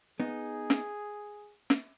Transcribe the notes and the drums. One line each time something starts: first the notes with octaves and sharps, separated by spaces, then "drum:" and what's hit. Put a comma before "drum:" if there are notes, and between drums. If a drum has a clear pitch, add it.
B3 D#4 G#4
drum: snare
drum: snare